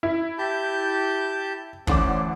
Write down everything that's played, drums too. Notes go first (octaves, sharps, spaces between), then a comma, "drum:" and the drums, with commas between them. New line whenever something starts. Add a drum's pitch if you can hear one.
E4
G4 A5 G6
A1 D3 C#4 C5 A5 D6, drum: kick